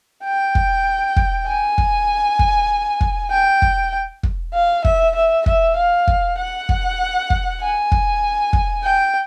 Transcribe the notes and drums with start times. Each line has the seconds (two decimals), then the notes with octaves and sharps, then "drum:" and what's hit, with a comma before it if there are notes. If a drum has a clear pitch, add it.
0.24 G5
0.55 drum: kick
1.16 drum: kick
1.47 G#5
1.78 drum: kick
2.39 drum: kick
3.01 drum: kick
3.31 G5
3.62 drum: kick
4.23 drum: kick
4.54 F5
4.85 E5, drum: kick
5.15 E5
5.46 E5, drum: kick
5.77 F5
6.07 drum: kick
6.38 F#5
6.69 drum: kick
7.30 drum: kick
7.61 G#5
7.92 drum: kick
8.53 drum: kick
8.84 G5